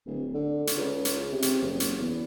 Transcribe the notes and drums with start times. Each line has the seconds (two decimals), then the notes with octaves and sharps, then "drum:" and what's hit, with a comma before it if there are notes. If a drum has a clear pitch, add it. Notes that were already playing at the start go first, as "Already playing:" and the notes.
0.06 D1
0.34 D3
0.67 drum: hi-hat
0.76 C#2
1.05 drum: hi-hat
1.32 C3
1.42 drum: hi-hat
1.61 F#1
1.80 drum: hi-hat
1.98 E2